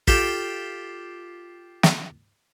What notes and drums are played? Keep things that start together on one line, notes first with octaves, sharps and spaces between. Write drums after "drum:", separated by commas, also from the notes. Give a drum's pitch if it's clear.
F4 G4 A4 G5, drum: kick
drum: snare